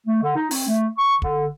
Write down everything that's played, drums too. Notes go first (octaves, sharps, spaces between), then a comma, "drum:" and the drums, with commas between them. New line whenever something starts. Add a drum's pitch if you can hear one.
A3
D3
D#4
C4, drum: open hi-hat
A3
C#6
D3, drum: kick